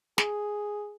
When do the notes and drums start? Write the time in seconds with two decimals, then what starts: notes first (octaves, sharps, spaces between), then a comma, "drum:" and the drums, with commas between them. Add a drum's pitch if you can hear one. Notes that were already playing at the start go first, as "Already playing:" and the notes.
0.18 G#4, drum: snare